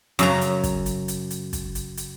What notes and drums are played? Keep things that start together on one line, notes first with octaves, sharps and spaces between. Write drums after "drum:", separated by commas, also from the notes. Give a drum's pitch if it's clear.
F#2 C#3 A#5, drum: hi-hat
drum: hi-hat
drum: kick, hi-hat
drum: hi-hat
drum: hi-hat
drum: hi-hat
drum: kick, hi-hat
drum: hi-hat
drum: hi-hat